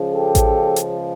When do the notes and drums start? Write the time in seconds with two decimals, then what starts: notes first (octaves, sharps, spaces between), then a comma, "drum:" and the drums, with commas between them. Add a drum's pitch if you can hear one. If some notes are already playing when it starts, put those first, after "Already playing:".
Already playing: C#2 C#3 F3
0.14 G4 A4
0.35 drum: kick A1, hi-hat
0.76 drum: hi-hat